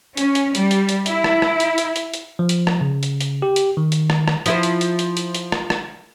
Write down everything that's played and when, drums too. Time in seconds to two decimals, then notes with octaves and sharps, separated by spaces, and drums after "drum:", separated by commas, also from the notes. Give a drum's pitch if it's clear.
0.17 C#4, drum: hi-hat
0.35 drum: hi-hat
0.55 G3, drum: hi-hat
0.71 drum: hi-hat
0.89 drum: hi-hat
1.06 E4, drum: hi-hat
1.24 drum: rim click
1.42 drum: rim click
1.60 drum: hi-hat
1.78 drum: hi-hat
1.96 drum: hi-hat
2.14 drum: hi-hat
2.39 F3
2.49 drum: hi-hat
2.67 drum: rim click
2.81 C#3
3.03 drum: hi-hat
3.21 drum: hi-hat
3.42 G4
3.56 drum: hi-hat
3.77 D#3
3.92 drum: hi-hat
4.10 drum: rim click
4.28 drum: rim click
4.46 F3 E4 C5, drum: hi-hat
4.63 drum: hi-hat
4.81 drum: hi-hat
4.99 drum: hi-hat
5.17 drum: hi-hat
5.35 drum: hi-hat
5.52 drum: rim click
5.70 drum: rim click